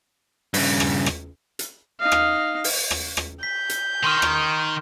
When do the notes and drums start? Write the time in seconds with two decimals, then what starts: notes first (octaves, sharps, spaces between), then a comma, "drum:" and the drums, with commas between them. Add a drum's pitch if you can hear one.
0.54 G2 C#3, drum: open hi-hat
0.80 drum: rim click
1.06 drum: rim click
1.59 drum: hi-hat
2.00 D#4 F5
2.12 drum: rim click
2.64 drum: open hi-hat
2.91 drum: rim click
3.17 drum: rim click
3.43 G6 B6
3.69 drum: hi-hat
4.04 D#3 C6 C#6 F6
4.22 drum: rim click